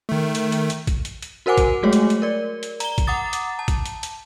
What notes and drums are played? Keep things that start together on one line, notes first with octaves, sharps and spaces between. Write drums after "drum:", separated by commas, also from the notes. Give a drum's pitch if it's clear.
D#3 A3
drum: hi-hat
drum: hi-hat
drum: hi-hat
drum: kick, hi-hat
drum: hi-hat
drum: hi-hat
F#4 A#4 C5 F#5 G#5 D6
drum: kick, hi-hat
F#3 G#3 A3 F#4 G#4 C#5
drum: hi-hat
drum: hi-hat
A#4 D5
drum: hi-hat
A#5 G7, drum: hi-hat
drum: kick, hi-hat
F#5 A#5 D6 D#6 A6
drum: hi-hat
A5
drum: kick, hi-hat
drum: hi-hat
drum: hi-hat